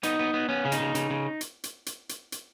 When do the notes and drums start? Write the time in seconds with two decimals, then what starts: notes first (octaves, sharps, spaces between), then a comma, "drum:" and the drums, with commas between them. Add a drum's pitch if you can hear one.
0.03 B3 D#4, drum: hi-hat
0.19 B3
0.34 B3
0.49 B3 C#4
0.65 C#3
0.72 D#4, drum: hi-hat
0.80 C#3
0.95 C#3, drum: hi-hat
1.10 C#3
1.41 drum: hi-hat
1.64 drum: hi-hat
1.86 drum: hi-hat
2.09 drum: hi-hat
2.32 drum: hi-hat